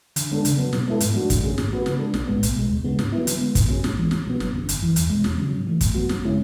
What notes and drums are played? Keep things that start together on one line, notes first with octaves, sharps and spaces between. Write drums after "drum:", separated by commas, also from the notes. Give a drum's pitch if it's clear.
D3, drum: hi-hat
G#3 B3 D4 A4
C#3, drum: hi-hat
F#3 B3
B2, drum: snare
G#3 B3 E4 A4
G#2, drum: hi-hat
F#3 A3 D4 F#4
F#2, drum: kick, hi-hat
D3 A3 C#4 G#4
G#2, drum: snare
F#3 B3 F#4 B4
C#3, drum: snare
G#3 D4 A4
B1, drum: snare
A2 G#3 B3
B1, drum: hi-hat
B2 G#3
D2
C#3 G#3 B3
G#2, drum: snare
F#3 B3 E4
D3, drum: hi-hat
G#3 B3
G#2, drum: kick, hi-hat
F#3 C#4 G#4
G#2, drum: snare
E3 G#3
C#2, drum: snare
B2 F#3 B3
G#1, drum: snare
F#2 D3
G#1, drum: hi-hat
F#2 E3
E2, drum: hi-hat
B2 G#3
E2, drum: snare
C#3 F#3
G#2
E3 A3
B2, drum: kick, hi-hat
F#3 B3 F#4
F#2, drum: snare
C#3 G#3 C#4 E4